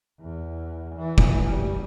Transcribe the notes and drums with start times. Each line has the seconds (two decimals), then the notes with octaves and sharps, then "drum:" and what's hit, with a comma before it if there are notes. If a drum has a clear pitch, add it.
0.21 E2
0.96 E3
1.18 drum: kick
1.49 G3